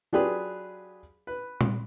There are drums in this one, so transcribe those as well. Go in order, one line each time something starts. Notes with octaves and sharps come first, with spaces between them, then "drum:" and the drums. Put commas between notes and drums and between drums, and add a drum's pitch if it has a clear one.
F#3 D4 F4 G4 G#4 B4
B4
drum: tom